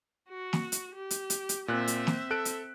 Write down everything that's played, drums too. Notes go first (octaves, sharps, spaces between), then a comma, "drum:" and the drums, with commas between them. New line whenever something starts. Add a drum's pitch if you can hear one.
F#4
drum: snare
drum: hi-hat
G4
drum: hi-hat
drum: hi-hat
drum: hi-hat
A#2 C4 E5 F#6
drum: hi-hat
drum: snare
A4 F#6 D7
drum: hi-hat